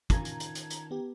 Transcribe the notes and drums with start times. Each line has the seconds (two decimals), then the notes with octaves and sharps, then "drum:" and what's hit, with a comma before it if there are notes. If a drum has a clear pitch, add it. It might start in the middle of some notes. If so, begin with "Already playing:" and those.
0.10 D#3 C#4 F4 A5 A#5 G#6, drum: kick, hi-hat
0.25 drum: hi-hat
0.40 drum: hi-hat
0.55 drum: hi-hat
0.70 drum: hi-hat
0.91 B3 G4